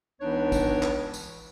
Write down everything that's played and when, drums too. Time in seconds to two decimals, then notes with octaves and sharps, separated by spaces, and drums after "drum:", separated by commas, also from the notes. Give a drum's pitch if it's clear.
0.21 C#2 E3 B3 D4 D#4 C#5
0.52 drum: kick, tambourine
0.83 drum: clap
1.14 drum: tambourine